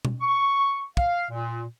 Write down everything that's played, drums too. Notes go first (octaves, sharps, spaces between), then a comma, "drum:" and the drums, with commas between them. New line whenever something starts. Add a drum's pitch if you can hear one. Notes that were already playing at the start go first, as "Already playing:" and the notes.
drum: tom B2
C#6
F5, drum: kick
A#2